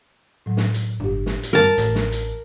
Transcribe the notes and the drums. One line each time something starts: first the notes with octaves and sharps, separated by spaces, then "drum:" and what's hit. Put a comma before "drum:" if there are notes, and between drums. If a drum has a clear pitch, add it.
A2 F#3
drum: snare
drum: hi-hat
G1 D4 G4
drum: snare
drum: hi-hat
G2 A#4 A5
A1, drum: hi-hat
drum: snare
drum: hi-hat